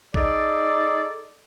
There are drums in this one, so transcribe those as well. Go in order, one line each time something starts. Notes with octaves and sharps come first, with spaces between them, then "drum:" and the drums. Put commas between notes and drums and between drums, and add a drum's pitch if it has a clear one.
D#4 G#4 A4 D5, drum: kick A1